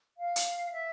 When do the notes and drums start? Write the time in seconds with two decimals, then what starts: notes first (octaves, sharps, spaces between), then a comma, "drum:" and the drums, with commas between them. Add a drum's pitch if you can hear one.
0.18 F5
0.36 drum: hi-hat
0.71 E5